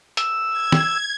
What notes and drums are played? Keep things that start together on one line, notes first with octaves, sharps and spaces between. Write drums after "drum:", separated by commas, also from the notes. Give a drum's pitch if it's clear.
E6, drum: hi-hat
G#6
drum: snare